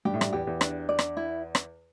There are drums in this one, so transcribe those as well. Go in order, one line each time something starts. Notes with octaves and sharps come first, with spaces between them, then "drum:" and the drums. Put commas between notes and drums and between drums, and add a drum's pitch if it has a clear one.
G2 G4
A2
G2, drum: rim click
E2 G4
E2
D4, drum: rim click
D5
drum: rim click
E4
drum: rim click